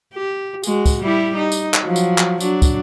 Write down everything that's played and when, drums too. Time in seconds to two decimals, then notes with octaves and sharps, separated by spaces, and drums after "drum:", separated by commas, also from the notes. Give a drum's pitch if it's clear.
0.14 G4
0.63 G#3 F#4, drum: tambourine
0.86 drum: kick, tambourine
1.02 G3 E4 G4
1.36 D#4
1.52 drum: tambourine
1.74 drum: clap
1.84 F3 F#3
1.96 drum: tambourine
2.18 drum: clap
2.40 F#3 D4, drum: tambourine
2.62 drum: kick, tambourine